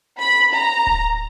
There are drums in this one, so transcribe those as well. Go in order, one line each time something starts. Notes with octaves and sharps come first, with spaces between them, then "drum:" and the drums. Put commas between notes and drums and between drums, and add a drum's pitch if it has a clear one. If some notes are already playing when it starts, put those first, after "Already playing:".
B5
A#5
drum: kick D1